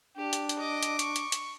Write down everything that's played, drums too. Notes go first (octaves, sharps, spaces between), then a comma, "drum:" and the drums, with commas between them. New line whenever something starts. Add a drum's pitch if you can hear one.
D4 G4
drum: hi-hat
drum: hi-hat
D#5 D6
drum: hi-hat
C#6, drum: hi-hat
drum: hi-hat
drum: hi-hat